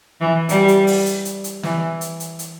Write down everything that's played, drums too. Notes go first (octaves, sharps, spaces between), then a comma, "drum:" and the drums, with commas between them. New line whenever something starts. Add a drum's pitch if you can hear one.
E3
G3, drum: hi-hat
drum: hi-hat
drum: open hi-hat
drum: hi-hat
drum: hi-hat
drum: hi-hat
E3, drum: snare
drum: hi-hat
drum: hi-hat
drum: hi-hat